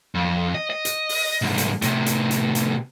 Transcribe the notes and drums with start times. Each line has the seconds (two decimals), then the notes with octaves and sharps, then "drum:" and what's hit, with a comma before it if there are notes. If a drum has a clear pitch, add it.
0.15 F2
0.54 D#5
0.70 D#5
0.85 drum: hi-hat
1.09 drum: open hi-hat
1.42 C2 G#2
1.58 drum: hi-hat
1.82 A2 C3, drum: hi-hat
2.06 drum: hi-hat
2.31 drum: hi-hat
2.55 drum: hi-hat